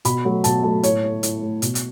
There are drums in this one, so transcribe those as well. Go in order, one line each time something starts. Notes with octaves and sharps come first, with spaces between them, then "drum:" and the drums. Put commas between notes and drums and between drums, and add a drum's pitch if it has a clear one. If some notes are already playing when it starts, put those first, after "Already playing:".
B2 B5, drum: hi-hat
F#3 A3
B2 A5, drum: hi-hat
F#3 A3 A5
A2 C#5, drum: hi-hat
A3
A2, drum: hi-hat
A3
B2, drum: hi-hat
drum: hi-hat